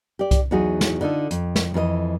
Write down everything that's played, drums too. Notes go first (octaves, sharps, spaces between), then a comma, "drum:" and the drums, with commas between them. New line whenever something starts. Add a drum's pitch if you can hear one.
G4 D5
drum: kick C2, hi-hat
E2 F#3 D#4 F#4 G#4
drum: snare
D3 D#4 F4 A4
F2, drum: hi-hat
drum: snare
F2 E3 G#4 D#5